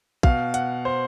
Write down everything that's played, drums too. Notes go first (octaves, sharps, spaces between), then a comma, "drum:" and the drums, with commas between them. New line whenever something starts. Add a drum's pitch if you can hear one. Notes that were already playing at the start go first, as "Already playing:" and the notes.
B2 F5, drum: kick
F#5, drum: hi-hat
C5